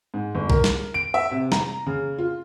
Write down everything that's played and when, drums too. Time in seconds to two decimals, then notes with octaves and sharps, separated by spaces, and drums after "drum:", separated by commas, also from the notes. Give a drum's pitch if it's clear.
0.14 G#2
0.35 G1
0.50 A#4, drum: kick
0.64 drum: snare
0.94 D7
1.14 E5
1.31 C3
1.52 A#5, drum: snare
1.87 C#3
2.18 F4